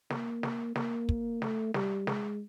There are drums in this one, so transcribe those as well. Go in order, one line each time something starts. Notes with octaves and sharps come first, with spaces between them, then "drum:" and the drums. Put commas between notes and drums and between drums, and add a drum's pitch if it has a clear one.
A#3, drum: snare
drum: snare
A#3, drum: snare
drum: kick
A3, drum: snare
G3, drum: snare
G#3, drum: snare